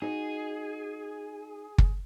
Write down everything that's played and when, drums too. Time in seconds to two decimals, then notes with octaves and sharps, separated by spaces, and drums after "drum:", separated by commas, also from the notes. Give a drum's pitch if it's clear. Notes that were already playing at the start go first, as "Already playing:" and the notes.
0.02 D#4 F#4 G#4 D#5
1.78 drum: kick